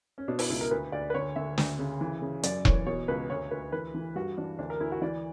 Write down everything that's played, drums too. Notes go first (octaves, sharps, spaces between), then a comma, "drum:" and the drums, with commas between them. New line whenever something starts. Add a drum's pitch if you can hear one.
C#4
B2 D4
E4, drum: open hi-hat
C#2 E4
A#4
D2 B4
D2 D5
B4
D3 C#5
D3 E5
D2, drum: snare
C#3
E3
C#3
F#2 D5, drum: hi-hat
E3 C#5, drum: kick E1
B2 C#5
C#2 B4
D2 C#5
D2 B4
E3 B4
E3
G2 F#4
E3 D4
D2 D4
A#4
D2 E4
F#4
E3 D5